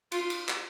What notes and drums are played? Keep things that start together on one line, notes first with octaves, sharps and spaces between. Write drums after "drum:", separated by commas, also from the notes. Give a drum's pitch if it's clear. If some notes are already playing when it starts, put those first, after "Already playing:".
F4, drum: cymbal
drum: cymbal
drum: clap